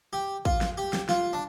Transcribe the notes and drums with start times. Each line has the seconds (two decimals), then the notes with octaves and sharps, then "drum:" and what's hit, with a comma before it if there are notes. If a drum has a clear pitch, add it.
0.13 G4
0.45 F4, drum: kick
0.61 drum: snare
0.78 G4
0.93 drum: snare
1.09 F4, drum: snare
1.33 D4